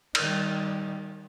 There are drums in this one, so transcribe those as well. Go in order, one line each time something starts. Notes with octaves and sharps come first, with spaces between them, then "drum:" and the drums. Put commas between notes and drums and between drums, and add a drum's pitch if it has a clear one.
D#3 G3, drum: cymbal